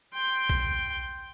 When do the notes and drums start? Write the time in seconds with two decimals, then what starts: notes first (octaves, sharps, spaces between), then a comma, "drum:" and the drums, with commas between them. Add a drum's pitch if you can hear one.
0.13 G5 C6
0.50 drum: kick B1